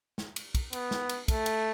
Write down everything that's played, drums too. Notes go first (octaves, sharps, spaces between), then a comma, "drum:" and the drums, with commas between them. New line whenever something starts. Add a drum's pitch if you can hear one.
drum: snare
drum: cymbal
drum: kick, cymbal
B3, drum: cymbal
drum: snare
drum: cymbal
A3, drum: kick, cymbal
drum: cymbal